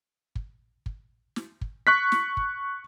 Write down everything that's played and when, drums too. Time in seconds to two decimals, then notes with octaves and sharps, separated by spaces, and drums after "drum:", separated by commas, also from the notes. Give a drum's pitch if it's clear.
0.35 drum: kick
0.86 drum: kick
1.36 drum: snare
1.61 drum: kick
1.87 C#6 F#6 B6
2.12 drum: snare
2.37 drum: kick